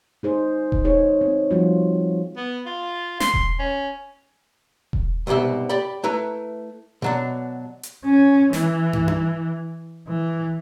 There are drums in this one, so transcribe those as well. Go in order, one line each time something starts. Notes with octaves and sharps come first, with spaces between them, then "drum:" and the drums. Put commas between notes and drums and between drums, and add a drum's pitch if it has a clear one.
D#4 G#4 C5
drum: kick E1
D#4 G#4 C#5
C4
F3 G3 C4 F4 F#4
B3
F4
C6, drum: snare
drum: kick E1
C#4
drum: kick E1
C2 G#2 B2 G4 E5
G4 D5 B5
A3 E4 B4 A#5
B2 F#3 D4
drum: hi-hat
C#4
E3, drum: snare
drum: tom
drum: tom
E3